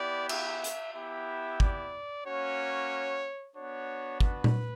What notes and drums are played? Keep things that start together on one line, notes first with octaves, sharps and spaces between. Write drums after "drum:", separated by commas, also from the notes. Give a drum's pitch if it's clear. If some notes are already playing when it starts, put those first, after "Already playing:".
Already playing: B3 E4 G4 D5
E5, drum: cymbal
drum: hi-hat
B3 E4 G4 E5
D5, drum: kick
A#3 C#4 F#4 C#5
B3 D4 F#4 C#5
B4, drum: kick
drum: tom A#2